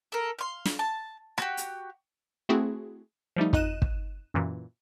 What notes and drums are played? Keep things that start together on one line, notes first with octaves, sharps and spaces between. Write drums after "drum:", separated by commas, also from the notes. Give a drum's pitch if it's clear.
A4 A#4
F5 C6
drum: snare
A5
F#4 G4, drum: rim click
drum: hi-hat
A3 C4 E4 F#4 G#4
F3 G3 A3 D#4
F2 D#4 D#5 F#6 D#7 E7, drum: kick
drum: kick
F#2 A#2 E3